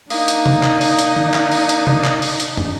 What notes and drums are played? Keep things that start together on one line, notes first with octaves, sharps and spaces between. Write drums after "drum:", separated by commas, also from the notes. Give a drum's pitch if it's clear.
A#3 D4 D#4 D#6, drum: open hi-hat
drum: hi-hat
drum: tom C3
drum: clap
drum: open hi-hat
drum: hi-hat
drum: tom D3
drum: clap
drum: open hi-hat
drum: hi-hat
drum: tom C3
drum: clap
drum: open hi-hat
drum: hi-hat
drum: tom